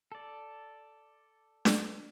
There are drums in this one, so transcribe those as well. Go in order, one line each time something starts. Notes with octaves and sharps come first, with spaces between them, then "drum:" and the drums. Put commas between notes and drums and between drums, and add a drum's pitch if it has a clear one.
A4 D5
drum: snare D4